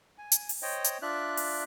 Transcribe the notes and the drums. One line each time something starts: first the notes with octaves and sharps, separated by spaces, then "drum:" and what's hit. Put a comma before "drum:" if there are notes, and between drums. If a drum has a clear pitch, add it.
G#5
drum: hi-hat
drum: open hi-hat
C5 C#5 D#5 G5
drum: hi-hat
D4 F4 D5 E5 F#6
drum: open hi-hat